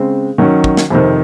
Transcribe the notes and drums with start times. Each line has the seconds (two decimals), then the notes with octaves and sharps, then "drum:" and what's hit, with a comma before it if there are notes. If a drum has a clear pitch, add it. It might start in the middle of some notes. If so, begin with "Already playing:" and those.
Already playing: C#3 G#3 C4
0.38 D#3 F#3 C#4
0.64 drum: kick
0.77 drum: snare
0.90 F2 C3 D#3